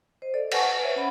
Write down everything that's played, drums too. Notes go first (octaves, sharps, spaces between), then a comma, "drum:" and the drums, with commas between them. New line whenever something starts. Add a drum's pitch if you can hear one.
C5 D#5
A4 D5
B4 F#5 G#5 A5 C#6, drum: cymbal
B4
C5 C#5 E5
C#4 F#5 B5